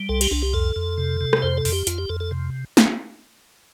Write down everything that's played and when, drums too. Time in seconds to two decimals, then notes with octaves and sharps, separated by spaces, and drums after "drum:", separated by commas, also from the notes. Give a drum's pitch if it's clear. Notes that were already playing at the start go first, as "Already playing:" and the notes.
Already playing: G3
0.09 C2 A4
0.21 G4, drum: cymbal
0.31 C2 D4
0.42 G4
0.53 F2 A4
0.76 F2
0.98 C3
1.21 C3
1.33 drum: rim click
1.42 F2 C5
1.57 A4
1.65 F2, drum: open hi-hat
1.72 G4
1.87 F2 F4, drum: hi-hat
1.98 G4
2.09 F2 A4
2.20 A4
2.31 C3
2.77 drum: snare